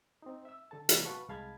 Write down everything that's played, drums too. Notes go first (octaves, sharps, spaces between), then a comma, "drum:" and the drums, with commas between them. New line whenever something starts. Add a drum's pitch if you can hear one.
C4 D#4
E5 E6
D3 A4 A5
C3 E3 F#3 G#3 A#3 B3, drum: hi-hat
F#4 B4 F5 A5 C#6
C2 G#3 F5 A5 B5 G#6